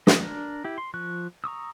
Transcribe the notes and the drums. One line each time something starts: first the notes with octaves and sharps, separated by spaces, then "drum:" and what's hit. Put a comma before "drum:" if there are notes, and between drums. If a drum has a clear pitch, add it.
A3 B3 D#5, drum: snare
D4 A#4
E4 G4
C6
F3 C#6 F#6
A#5 C#6 D#6 E6